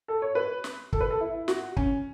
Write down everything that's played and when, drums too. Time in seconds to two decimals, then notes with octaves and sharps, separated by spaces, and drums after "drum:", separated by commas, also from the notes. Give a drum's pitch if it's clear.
0.08 A4
0.22 C#5
0.35 B4
0.64 drum: snare
0.93 A4, drum: kick
1.00 B4
1.11 A4
1.20 E4
1.48 F#4, drum: snare
1.77 C#4, drum: kick